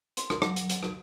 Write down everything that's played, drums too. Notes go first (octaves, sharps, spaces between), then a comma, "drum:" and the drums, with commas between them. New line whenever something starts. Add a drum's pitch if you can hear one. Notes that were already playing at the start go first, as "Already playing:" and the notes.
C6, drum: hi-hat
drum: rim click
F#3, drum: rim click
drum: hi-hat
drum: hi-hat
drum: rim click